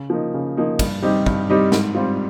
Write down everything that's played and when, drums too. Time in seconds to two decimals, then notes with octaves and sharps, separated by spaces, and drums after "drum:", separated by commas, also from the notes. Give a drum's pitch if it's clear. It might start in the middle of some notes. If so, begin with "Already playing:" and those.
Already playing: C#3
0.10 F3 A#3 D#4
0.34 C#3
0.57 F3 A#3 D#4
0.79 G2, drum: kick, cymbal
1.02 G3 C4 D#4 G4
1.26 G2, drum: kick
1.50 G3 C4 D#4 G4
1.72 G#2, drum: snare
1.95 G3 C4 F4